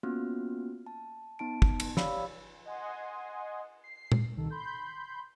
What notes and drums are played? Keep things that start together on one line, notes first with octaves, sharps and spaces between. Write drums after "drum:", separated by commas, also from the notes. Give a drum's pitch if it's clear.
A#3 B3 C#4 F4 F#4 F6
A5
B3 D#4 A5 D7
drum: kick
drum: cymbal
G4 C#5 D5 F5 B5 E6, drum: snare
D#5 F#5 G#5 C6 D#6
C7
drum: tom A#2
C2 D#3 A4
B5 C6 G6